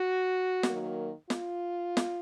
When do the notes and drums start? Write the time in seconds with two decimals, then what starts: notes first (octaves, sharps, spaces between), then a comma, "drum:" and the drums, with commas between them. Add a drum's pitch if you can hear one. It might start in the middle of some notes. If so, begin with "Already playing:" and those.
Already playing: F#4
0.63 D#3 F#3 A#3, drum: snare
1.30 F4, drum: snare
1.97 drum: snare